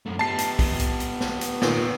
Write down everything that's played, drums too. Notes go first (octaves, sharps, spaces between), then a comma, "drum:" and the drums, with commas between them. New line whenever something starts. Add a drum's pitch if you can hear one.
F#2 A3
B3 G4 A5 C7
drum: hi-hat
drum: kick B1, open hi-hat
drum: hi-hat
drum: hi-hat
drum: snare
drum: hi-hat
A#2 D#3, drum: snare